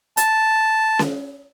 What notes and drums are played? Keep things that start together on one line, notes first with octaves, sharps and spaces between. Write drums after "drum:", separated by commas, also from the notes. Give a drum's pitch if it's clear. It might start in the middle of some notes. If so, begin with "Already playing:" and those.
A5, drum: hi-hat
drum: snare C#4